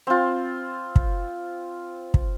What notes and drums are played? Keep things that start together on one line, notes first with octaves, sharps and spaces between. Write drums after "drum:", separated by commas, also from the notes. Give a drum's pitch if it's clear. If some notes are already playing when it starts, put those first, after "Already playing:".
C4 F4
drum: kick
drum: kick